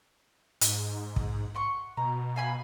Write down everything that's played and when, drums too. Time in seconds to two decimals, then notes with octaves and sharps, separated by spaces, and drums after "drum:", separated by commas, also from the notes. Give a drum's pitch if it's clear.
0.61 G#2, drum: hi-hat
1.16 drum: kick
1.55 F#5 C6 C#6
1.97 B2 A#5
2.36 F5 G#5 B5